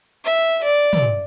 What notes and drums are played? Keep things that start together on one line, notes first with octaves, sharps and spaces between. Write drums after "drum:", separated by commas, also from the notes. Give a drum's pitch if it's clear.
E5
D5
drum: tom